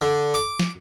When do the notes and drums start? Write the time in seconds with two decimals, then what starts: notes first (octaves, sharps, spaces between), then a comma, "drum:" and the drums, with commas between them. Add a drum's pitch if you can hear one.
0.02 D3
0.34 D6
0.59 drum: snare